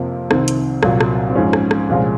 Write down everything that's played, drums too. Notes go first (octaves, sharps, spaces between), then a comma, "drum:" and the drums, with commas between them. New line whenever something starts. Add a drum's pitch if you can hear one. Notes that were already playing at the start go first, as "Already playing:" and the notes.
Already playing: F2 C3 F3 A#3
C2 C3 D#3 C4, drum: rim click
drum: hi-hat
C2 A#2 F#3 A#3, drum: rim click
drum: rim click
C4
G#2 F3 G#3 C#4
drum: rim click
drum: rim click
C2 A#2 F3 G#3